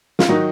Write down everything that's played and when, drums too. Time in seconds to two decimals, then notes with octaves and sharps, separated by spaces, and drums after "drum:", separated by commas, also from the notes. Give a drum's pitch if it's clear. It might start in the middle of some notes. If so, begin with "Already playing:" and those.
0.19 F4, drum: snare
0.28 D#3 F#3 D#4 F#4